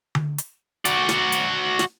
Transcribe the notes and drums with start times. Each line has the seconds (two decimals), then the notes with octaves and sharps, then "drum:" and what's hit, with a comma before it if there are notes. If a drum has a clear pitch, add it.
0.15 drum: tom D3
0.38 drum: hi-hat
0.85 F#4 D5, drum: hi-hat
1.09 drum: snare
1.32 drum: hi-hat
1.79 drum: snare